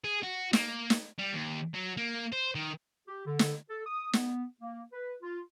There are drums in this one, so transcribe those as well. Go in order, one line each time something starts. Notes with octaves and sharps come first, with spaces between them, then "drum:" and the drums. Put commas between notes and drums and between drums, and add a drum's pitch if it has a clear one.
G#4
F#4
A#3, drum: snare
drum: snare
G3
D#2
F#3
A#3
C5
D#3
G4
D3
drum: snare
A4
D#6
B3, drum: snare
A#3
B4
F4